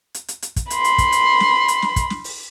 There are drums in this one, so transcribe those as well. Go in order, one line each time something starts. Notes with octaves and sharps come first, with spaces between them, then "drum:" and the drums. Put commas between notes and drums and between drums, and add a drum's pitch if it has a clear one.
drum: hi-hat
drum: hi-hat
drum: hi-hat
drum: kick, hi-hat
B5 C6, drum: hi-hat
drum: hi-hat
drum: kick, hi-hat
drum: hi-hat
drum: snare
drum: hi-hat
drum: snare
drum: kick, hi-hat
drum: snare
drum: open hi-hat